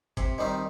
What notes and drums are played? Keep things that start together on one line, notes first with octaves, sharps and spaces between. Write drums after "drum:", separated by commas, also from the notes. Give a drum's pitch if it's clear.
C3, drum: kick F#1, hi-hat
D#3 G3 C4 D#4